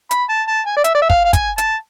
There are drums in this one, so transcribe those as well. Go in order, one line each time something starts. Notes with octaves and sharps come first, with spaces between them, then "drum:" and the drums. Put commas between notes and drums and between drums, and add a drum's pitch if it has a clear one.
B5, drum: hi-hat
A5
A5
G#5
D5
E5, drum: hi-hat
D5
E5
F5, drum: kick
F5
G#5, drum: kick, hi-hat
A5, drum: hi-hat